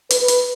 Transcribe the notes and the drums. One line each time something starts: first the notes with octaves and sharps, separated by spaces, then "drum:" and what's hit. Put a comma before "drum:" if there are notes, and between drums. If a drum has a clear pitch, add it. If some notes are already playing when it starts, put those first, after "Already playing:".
B4, drum: hi-hat
drum: hi-hat